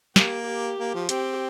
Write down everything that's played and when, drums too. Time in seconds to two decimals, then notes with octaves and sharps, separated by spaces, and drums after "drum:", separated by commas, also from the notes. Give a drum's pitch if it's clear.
0.16 A#3 G4, drum: snare
0.47 G4
0.79 A#3
0.94 F3
1.09 C4 G4, drum: hi-hat